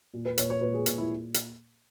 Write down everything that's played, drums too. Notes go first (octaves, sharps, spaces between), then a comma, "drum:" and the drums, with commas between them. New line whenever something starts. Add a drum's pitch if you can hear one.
A#2
B4
A#2 C#5, drum: hi-hat
C#5
A#2 B4
G#4
A#2, drum: hi-hat
E4
drum: hi-hat